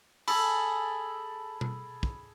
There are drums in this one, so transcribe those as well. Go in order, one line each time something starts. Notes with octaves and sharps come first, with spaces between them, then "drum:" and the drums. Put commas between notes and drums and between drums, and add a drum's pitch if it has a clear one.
G#4 A4 B5, drum: cymbal
drum: tom B2
drum: kick